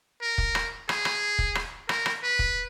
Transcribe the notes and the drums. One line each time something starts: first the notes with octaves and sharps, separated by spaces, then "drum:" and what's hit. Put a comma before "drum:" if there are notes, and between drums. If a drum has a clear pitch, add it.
A#4
drum: kick
drum: rim click
G#4, drum: rim click
drum: rim click
drum: kick
drum: rim click
A#4, drum: rim click
drum: rim click
B4
drum: kick